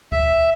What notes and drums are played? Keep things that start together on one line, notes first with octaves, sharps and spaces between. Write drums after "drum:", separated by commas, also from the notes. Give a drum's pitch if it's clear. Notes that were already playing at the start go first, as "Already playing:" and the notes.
E5, drum: kick C#2